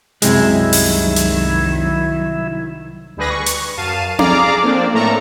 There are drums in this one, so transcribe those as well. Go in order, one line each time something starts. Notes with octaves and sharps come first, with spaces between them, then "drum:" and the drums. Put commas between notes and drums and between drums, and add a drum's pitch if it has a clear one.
C2 F#2 C3 D#3 F#3 G#3 E4, drum: hi-hat
drum: open hi-hat
drum: hi-hat
D2 G3 G#4 B4 A#6
C#6
drum: hi-hat
F#2 F5 A5 D#7
G#4 A4 D5 F5 A#5 D6, drum: tom C4
F3 A#3 C4 D4 D5
A2 A3 A4 A#4 A#5 C#6